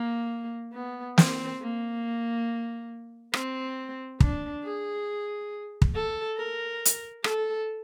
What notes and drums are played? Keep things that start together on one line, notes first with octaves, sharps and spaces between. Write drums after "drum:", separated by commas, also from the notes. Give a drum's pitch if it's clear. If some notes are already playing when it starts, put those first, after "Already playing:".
Already playing: A#3
B3
C4, drum: snare
A#3
C4, drum: rim click
D4, drum: kick
G#4
drum: kick
A4
A#4
drum: hi-hat
A4, drum: rim click